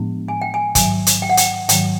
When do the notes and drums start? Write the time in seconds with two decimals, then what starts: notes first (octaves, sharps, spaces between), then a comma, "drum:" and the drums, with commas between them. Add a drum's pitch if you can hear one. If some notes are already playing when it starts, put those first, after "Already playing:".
Already playing: A2 F3 G#3 B3 D4
0.28 G#5
0.42 G5
0.54 G#5
0.75 G#2 D#3 F#3 G#5, drum: kick, hi-hat
1.07 drum: hi-hat
1.22 G5
1.30 F#5
1.37 G5, drum: hi-hat
1.69 G#2 D#3 F#3 G5, drum: hi-hat